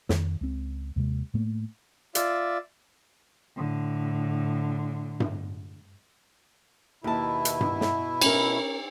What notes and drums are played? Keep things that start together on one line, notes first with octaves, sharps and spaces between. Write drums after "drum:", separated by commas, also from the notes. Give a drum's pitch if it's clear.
F2 D#3, drum: snare
C#2 C4
D#2 C3 G#3
A2 A3 A#3
F4 D5 E5, drum: hi-hat
A2 D3
drum: tom G2
D#2 B2 E4 A5
drum: hi-hat
drum: tom G2
drum: snare
C#4 A#4, drum: cymbal